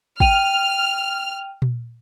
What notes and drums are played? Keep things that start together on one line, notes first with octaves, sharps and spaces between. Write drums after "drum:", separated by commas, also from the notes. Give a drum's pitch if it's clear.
G5 F6 D#7, drum: kick
drum: tom A#2